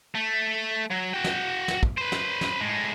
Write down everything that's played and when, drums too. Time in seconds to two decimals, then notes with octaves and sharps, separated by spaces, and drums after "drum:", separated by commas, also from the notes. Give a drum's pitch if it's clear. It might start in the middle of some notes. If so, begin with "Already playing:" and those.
0.15 A3
0.91 F#3
1.13 F#4 G5
1.24 drum: snare
1.68 drum: snare
1.83 drum: kick
1.97 B4 C5
2.12 drum: snare
2.41 drum: snare
2.60 A2 G#3